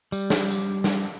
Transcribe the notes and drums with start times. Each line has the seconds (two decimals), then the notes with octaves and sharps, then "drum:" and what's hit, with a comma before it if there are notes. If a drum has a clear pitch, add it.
0.12 G3, drum: tambourine
0.30 drum: snare
0.48 drum: tambourine
0.84 drum: snare